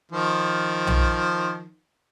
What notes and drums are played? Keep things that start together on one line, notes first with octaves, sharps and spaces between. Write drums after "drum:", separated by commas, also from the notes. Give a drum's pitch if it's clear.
D#3 F3
drum: tom